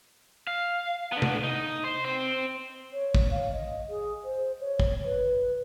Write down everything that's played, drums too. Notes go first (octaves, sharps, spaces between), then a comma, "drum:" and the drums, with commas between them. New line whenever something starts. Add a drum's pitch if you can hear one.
F5
D3 B3
drum: tom C3
D#4
C5
C4 C5
C#5
drum: kick
F5
D#5
G#4
C5
C#5
drum: kick
B4